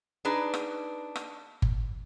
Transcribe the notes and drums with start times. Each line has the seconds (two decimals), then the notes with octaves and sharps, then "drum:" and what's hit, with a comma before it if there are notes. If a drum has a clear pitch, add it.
0.25 D4 D#4 G#4 B4
0.54 drum: rim click
1.16 drum: rim click
1.62 drum: kick G1